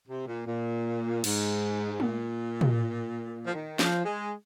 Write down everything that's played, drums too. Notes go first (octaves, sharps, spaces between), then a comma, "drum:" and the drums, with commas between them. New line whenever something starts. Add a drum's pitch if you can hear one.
C3
A#2
A#2
G#2, drum: cymbal
A#2, drum: tom
drum: tom
F3
D#3
F3, drum: snare
G#3